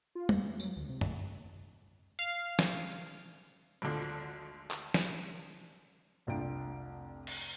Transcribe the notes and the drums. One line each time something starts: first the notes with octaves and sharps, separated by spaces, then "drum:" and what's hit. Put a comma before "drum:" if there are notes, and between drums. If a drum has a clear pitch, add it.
F4
F2, drum: tom G3
E3
F#3, drum: tambourine
D2
C3
B1, drum: tom F#2
F5
drum: snare
G#1 D2 D3 F3
drum: clap
drum: snare
F1 C2 D4 F4 G5 D7
drum: cymbal